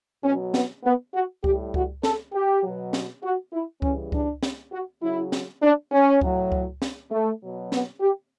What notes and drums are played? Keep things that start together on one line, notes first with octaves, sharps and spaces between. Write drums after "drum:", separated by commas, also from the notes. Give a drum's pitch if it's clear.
B2 C#4
F#3
B3, drum: snare
B3
F#4
A2 G3 G4, drum: kick C#2
F#4, drum: kick C#2
A4, drum: snare
G4
B2 F#3
drum: snare
F#4
E4
C#3 E3 G3 C#4, drum: kick C#2
D4, drum: kick C#2
drum: snare
F#4
C#3 F#3 E4
drum: snare
D4
C#4
A2 F#3, drum: kick C#2
drum: kick C#2
drum: snare
A3
B2 F#3
B3, drum: snare
G4